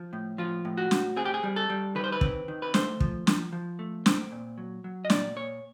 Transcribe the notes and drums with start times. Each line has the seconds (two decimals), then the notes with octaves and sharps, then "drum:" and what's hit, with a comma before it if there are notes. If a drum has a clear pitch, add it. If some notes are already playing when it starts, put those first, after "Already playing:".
Already playing: F3
0.13 A2
0.38 F3 F4
0.65 A2
0.77 F#4
0.91 A2, drum: snare
1.16 C4 G#4
1.25 G4
1.34 G#4
1.43 G3
1.56 A4
1.70 G3
1.95 D#3 B4
2.04 C5
2.12 B4
2.21 C4, drum: kick
2.48 D#3
2.62 B4
2.74 A3 C5, drum: snare
3.00 F3, drum: kick
3.27 F3, drum: snare
3.53 F3
3.79 A3
4.06 C4, drum: snare
4.32 A#2
4.58 F#3
4.84 F#3
5.05 D#5
5.10 A#2 D5, drum: snare
5.35 A#2 C#5